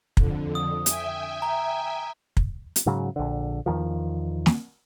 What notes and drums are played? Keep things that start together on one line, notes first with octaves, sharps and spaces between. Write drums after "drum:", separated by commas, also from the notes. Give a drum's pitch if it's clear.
F2 D3, drum: kick
D#6
E5 G5 G#5, drum: hi-hat
A#5
drum: kick
drum: hi-hat
G#2 C#3 F#3
A#1 D3
E2 D#3 F3
drum: snare